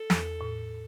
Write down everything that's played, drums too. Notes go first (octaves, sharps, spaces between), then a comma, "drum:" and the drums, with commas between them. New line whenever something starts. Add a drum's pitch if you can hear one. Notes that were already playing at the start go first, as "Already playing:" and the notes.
Already playing: A4
E2, drum: snare
A2